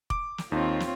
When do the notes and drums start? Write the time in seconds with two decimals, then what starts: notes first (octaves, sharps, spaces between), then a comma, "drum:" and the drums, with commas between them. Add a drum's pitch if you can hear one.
0.10 D6, drum: kick F1
0.38 drum: snare
0.52 D#2 C4 D#4 F4 C#5
0.80 drum: snare